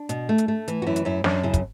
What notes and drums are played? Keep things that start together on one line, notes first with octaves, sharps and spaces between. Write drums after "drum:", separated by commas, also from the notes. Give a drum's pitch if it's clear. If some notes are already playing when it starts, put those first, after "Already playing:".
Already playing: D4
B2, drum: hi-hat
A3
drum: hi-hat
A3
E3, drum: hi-hat
F#4
F#2 E4
drum: hi-hat
F#2 E4
F#2 D4, drum: snare
C#3 E4
drum: kick, hi-hat